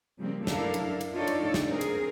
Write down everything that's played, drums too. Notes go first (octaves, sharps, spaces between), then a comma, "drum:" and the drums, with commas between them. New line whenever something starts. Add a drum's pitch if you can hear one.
C#3 F3 G3 A#3 C4
F#2 D4 E4 A4 A#4 F5, drum: snare
drum: cymbal
drum: cymbal
D4 D#4 F4 A4 C#5 D5
drum: cymbal
drum: snare
C4 G#4 A#4
drum: cymbal